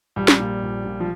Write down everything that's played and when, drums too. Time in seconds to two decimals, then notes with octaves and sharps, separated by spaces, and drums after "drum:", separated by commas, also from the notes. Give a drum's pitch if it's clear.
0.16 A#1 G3
0.28 drum: snare
0.39 A#2
0.63 A#1
0.86 A#2
1.00 F3